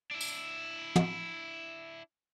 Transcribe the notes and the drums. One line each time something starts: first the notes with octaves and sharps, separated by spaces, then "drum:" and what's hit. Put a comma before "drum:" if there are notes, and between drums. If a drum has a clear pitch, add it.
D4 E4
drum: tambourine
drum: tom